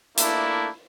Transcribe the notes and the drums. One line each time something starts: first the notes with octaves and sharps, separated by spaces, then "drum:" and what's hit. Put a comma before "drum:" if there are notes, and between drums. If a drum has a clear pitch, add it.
A3 A#3 D4 E4, drum: hi-hat